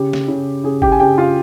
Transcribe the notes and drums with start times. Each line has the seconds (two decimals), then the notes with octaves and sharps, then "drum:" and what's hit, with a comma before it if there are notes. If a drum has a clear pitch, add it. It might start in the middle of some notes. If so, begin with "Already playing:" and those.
Already playing: C#3 G4
0.13 drum: snare
0.28 C#3
0.64 C#3 G#4
0.82 G4 G5, drum: kick
0.92 G#5
1.00 C#3 G4 G5
1.18 F4 F5